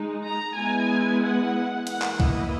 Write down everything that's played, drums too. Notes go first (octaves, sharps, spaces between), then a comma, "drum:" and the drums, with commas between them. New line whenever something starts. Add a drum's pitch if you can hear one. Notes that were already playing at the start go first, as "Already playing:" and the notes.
Already playing: G#3 D#4
A#5
G#3 B3 E4 G#5
F#5
E3 A#3 E4 F#5, drum: hi-hat
drum: clap
D#5, drum: kick C2